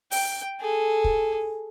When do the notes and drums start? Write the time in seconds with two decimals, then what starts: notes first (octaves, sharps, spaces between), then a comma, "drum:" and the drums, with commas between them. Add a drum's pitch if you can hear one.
0.11 G5, drum: open hi-hat
0.60 G#4 A4
1.04 drum: kick